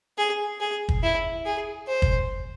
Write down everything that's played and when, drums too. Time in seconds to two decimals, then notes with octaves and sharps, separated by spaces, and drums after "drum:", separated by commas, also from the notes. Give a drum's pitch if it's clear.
0.18 G#4
0.60 G#4
0.89 drum: kick
1.03 E4
1.45 G#4
1.88 C5
2.02 drum: kick